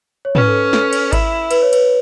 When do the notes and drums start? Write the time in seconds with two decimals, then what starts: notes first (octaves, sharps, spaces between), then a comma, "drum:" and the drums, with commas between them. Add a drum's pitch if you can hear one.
0.25 C#5
0.35 C#4 B4, drum: tom
0.48 A4
0.73 A4, drum: snare
0.93 drum: cymbal
1.13 E4, drum: kick G#1, cymbal
1.51 B4, drum: cymbal
1.62 C#5
1.73 B4, drum: cymbal